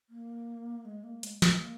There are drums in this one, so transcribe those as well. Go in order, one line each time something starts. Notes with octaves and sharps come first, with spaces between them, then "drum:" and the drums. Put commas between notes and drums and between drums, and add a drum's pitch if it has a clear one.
A#3
G#3
A#3
G#3, drum: hi-hat
G#3, drum: snare
A#3